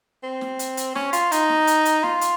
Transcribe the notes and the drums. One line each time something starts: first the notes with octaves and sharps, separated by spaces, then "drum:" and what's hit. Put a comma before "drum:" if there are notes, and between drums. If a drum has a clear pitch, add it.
C4
drum: snare
drum: hi-hat
drum: hi-hat
C#4, drum: snare
F4, drum: hi-hat
D#4, drum: hi-hat
drum: snare
drum: hi-hat
drum: hi-hat
F4, drum: snare
drum: hi-hat